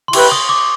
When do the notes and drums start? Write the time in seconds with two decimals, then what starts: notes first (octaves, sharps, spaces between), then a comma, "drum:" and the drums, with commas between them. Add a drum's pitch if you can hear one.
0.08 C6
0.13 E4 G4 B4 C#6, drum: cymbal
0.32 D#6
0.49 D6